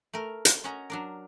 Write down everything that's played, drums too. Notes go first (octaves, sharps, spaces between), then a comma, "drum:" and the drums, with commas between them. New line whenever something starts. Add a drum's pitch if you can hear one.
A3 A#4
drum: hi-hat
C#4 F#4 C#5 D#5 F#5 A#5
F#3 D4 A#4